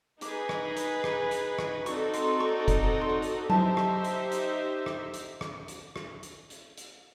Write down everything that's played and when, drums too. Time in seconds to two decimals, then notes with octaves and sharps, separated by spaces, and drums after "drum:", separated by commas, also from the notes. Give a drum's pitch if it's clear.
0.21 D#4 G#4 B4 D6, drum: hi-hat
0.49 drum: rim click
0.77 drum: hi-hat
1.04 drum: rim click
1.31 drum: hi-hat
1.59 drum: rim click
1.86 C4 D#4 F#4 A4 D5 C#6, drum: hi-hat
2.14 C6, drum: hi-hat
2.40 C#6
2.68 drum: kick F1, hi-hat
3.01 C6
3.09 C#6
3.22 drum: hi-hat
3.50 D#4 G4 C5 E5 A5, drum: tom F#3
3.77 drum: rim click
4.04 drum: hi-hat
4.32 drum: hi-hat
4.86 drum: rim click
5.14 drum: hi-hat
5.41 drum: rim click
5.68 drum: hi-hat
5.96 drum: rim click
6.23 drum: hi-hat
6.50 drum: hi-hat
6.78 drum: hi-hat